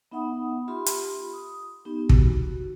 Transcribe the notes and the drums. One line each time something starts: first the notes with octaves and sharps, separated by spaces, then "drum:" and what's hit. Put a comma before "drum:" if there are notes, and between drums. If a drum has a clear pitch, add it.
B3 D#4 E5 F#5 B5 D#6
F4 G4 E5 B5 C6
drum: hi-hat
D#6
B3 D#4 G4
F#4, drum: kick